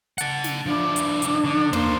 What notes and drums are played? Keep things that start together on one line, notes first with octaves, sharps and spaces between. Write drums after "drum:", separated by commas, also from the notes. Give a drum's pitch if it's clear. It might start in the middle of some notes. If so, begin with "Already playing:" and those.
F#5 A5, drum: hi-hat
drum: snare
F3 D4 E4
drum: hi-hat
drum: hi-hat
D3
A#3 D4 C5, drum: tom